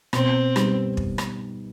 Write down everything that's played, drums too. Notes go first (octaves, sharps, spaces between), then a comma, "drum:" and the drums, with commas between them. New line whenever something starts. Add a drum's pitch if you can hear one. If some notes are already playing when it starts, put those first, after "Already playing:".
B2 C4, drum: rim click
G3 B3 D#4, drum: rim click
drum: kick
drum: rim click